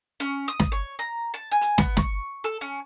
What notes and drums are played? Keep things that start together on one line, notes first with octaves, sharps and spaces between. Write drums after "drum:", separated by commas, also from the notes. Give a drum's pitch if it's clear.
C#4, drum: hi-hat
D#6
drum: snare
C#5
A#5
A5
G#5
drum: hi-hat
B3, drum: snare
C#6, drum: snare
A4
C#4